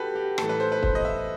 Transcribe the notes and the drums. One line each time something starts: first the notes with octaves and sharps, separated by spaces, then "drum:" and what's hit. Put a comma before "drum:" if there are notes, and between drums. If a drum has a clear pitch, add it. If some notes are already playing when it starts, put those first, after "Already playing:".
Already playing: F#4 G4 A4 B4
G4
A2 E3 A4, drum: rim click
B4
C5
B4
C5, drum: kick
D#5
E5